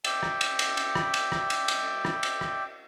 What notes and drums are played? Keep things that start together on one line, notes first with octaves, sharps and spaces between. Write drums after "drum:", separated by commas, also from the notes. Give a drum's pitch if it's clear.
D5 E5 G5, drum: cymbal
drum: rim click
drum: cymbal
drum: cymbal
drum: cymbal
drum: rim click
drum: cymbal
drum: rim click
drum: cymbal
drum: cymbal
drum: rim click
drum: cymbal
drum: rim click